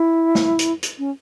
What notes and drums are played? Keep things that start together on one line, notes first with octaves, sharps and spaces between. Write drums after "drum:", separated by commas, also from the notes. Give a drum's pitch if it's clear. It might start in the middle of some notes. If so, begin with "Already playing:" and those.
Already playing: E4
drum: snare
drum: hi-hat
drum: hi-hat
C#4